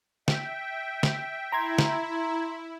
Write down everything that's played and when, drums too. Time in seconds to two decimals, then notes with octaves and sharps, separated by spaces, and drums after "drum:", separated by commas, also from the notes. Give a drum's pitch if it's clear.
0.28 E5 G5, drum: snare
1.03 drum: snare
1.52 E4 A#5 C6 G#6
1.78 drum: snare